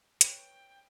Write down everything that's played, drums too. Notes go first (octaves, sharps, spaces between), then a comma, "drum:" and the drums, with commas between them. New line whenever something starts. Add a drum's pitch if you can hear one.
B4 C#5 G5, drum: hi-hat